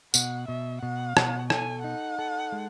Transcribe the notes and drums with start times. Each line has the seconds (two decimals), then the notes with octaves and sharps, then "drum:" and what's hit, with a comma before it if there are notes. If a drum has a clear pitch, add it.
0.14 B2 F#5, drum: tambourine
0.48 B2 E5
0.82 B2 F#5
1.17 B2, drum: rim click
1.50 A4 G#5, drum: rim click
1.84 D#4 F#5
2.19 A4
2.52 G#3